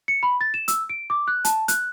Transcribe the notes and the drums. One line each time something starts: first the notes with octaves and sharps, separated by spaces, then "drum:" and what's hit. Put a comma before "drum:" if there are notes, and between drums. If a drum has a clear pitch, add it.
C#7
B5
A6
E7
E6, drum: hi-hat
D7
D6
F#6
A5, drum: hi-hat
F#6, drum: hi-hat